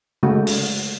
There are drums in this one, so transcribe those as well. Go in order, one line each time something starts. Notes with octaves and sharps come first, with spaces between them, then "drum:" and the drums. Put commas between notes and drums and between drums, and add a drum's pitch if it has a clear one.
C#3 G#3 A3 F#4
drum: open hi-hat